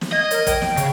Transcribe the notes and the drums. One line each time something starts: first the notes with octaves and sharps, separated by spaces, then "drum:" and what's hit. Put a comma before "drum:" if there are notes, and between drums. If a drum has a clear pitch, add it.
drum: snare
D#5 G#6
A#4, drum: hi-hat
G5, drum: kick, hi-hat
drum: snare
C#3, drum: hi-hat